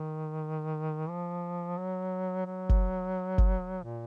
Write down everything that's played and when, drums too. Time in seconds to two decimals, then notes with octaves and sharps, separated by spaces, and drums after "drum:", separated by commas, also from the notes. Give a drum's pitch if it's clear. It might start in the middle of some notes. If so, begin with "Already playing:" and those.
Already playing: D#3
1.09 F3
1.78 F#3
2.47 F#3
2.69 drum: kick
3.38 drum: kick
3.83 A#2